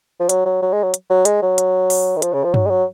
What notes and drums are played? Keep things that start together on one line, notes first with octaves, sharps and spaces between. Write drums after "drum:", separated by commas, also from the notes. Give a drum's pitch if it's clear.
F3
F#3, drum: hi-hat
F#3
F#3
G#3
F#3
drum: hi-hat
F#3
G#3, drum: hi-hat
F#3
drum: hi-hat
drum: open hi-hat
D#3
F3, drum: hi-hat
C#3
F3
F#3, drum: tom G2
G#3
F#3